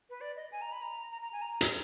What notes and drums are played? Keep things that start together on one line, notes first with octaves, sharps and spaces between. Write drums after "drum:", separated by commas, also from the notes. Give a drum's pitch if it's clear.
B4
D5
D#5
G#5
A#5
B5
A#5
A#5
A#5
G#5
A#5
drum: hi-hat